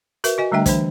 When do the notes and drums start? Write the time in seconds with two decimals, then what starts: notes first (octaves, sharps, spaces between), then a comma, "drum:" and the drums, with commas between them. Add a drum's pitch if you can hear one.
0.24 F#4 A#4 B4 E5, drum: hi-hat
0.38 F#4 D#5 G#5
0.52 D3 G3 A3 D4 E5 G5
0.66 E3 D4 C5, drum: kick, hi-hat